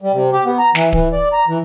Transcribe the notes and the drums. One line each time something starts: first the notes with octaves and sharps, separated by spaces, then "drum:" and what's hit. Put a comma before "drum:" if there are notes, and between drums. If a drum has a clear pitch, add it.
G3
C3
G4
B3
A#5
E3, drum: snare
E3, drum: kick D1
D5
A#5
E3